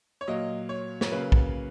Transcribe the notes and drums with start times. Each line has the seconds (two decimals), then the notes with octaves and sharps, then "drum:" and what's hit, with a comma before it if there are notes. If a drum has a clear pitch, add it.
0.21 C#5
0.28 A#2 F#3 A#3 D#5
0.69 C#5
1.01 C#5, drum: snare
1.12 C#3 F#3 A#3 B4
1.32 drum: kick